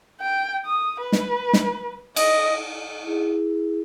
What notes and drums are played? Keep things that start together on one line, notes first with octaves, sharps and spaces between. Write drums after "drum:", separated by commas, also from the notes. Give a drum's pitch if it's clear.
G5
D#6
B4
drum: snare
drum: snare
D#5, drum: cymbal
E4 G#4